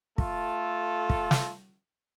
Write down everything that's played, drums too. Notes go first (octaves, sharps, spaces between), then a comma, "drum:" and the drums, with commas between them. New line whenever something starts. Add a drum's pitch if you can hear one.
A3 F4 A4, drum: kick
drum: kick
drum: snare